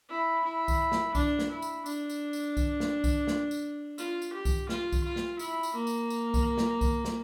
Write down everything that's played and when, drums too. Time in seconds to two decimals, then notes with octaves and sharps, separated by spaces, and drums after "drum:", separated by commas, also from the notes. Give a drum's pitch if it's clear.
0.09 E4
0.45 E4
0.68 drum: kick C2, tambourine
0.92 drum: snare
1.15 D4, drum: kick C2, tambourine
1.39 drum: snare
1.51 E4
1.62 drum: tambourine
1.86 D4, drum: tambourine
2.10 drum: tambourine
2.33 drum: tambourine
2.57 drum: kick C2, tambourine
2.80 drum: snare
3.04 drum: kick C2, tambourine
3.27 drum: snare
3.51 drum: tambourine
3.98 F4, drum: tambourine
4.22 drum: tambourine
4.33 G4
4.45 drum: kick C2, tambourine
4.69 F4, drum: snare
4.92 drum: kick C2, tambourine
5.04 F4
5.16 drum: snare
5.39 E4, drum: tambourine
5.63 drum: tambourine
5.75 A#3
5.87 drum: tambourine
6.10 drum: tambourine
6.34 drum: kick C2, tambourine
6.58 drum: snare
6.81 drum: kick C2, tambourine
7.05 drum: snare